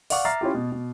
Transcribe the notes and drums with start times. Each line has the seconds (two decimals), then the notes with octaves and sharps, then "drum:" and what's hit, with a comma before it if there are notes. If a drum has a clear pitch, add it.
0.10 D5 F5 F#5 C#6 D6, drum: open hi-hat
0.25 E5 A#5 F6 A6 C7
0.41 C#4 E4 F4 G4
0.54 B2
0.72 B2